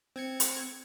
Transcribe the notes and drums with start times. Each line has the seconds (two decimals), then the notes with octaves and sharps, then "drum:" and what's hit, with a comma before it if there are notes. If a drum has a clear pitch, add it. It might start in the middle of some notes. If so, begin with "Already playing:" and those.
0.16 C4 G#6 C#7
0.40 drum: hi-hat